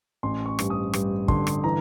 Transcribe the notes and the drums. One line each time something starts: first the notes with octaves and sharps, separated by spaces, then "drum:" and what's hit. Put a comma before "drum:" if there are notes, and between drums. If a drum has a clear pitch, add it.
A1 C6
C#6
G2, drum: rim click
D#6
G2, drum: rim click
D3 C6, drum: kick
drum: rim click
E3 A#5